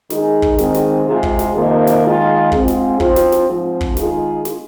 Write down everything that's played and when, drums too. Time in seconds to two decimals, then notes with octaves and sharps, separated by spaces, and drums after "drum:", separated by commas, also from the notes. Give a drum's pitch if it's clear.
0.10 D#3 G#3 D#4 G#4, drum: snare
0.42 drum: kick
0.58 G#2 D#3 G#3 C4, drum: snare
0.74 drum: snare
1.06 C3 G#3 F4
1.23 drum: kick
1.39 drum: snare
1.55 F2 C3 D#3 A#3
1.87 drum: snare
2.04 D#3 G#3 F4
2.52 G#2 G#3 C4 F4, drum: kick
2.68 drum: snare
3.00 F3 C4 F4, drum: kick
3.16 drum: snare
3.32 drum: snare
3.48 G#2 F3 C4
3.81 drum: kick
3.97 D#3 G#3 F4 G#4, drum: snare
4.45 drum: snare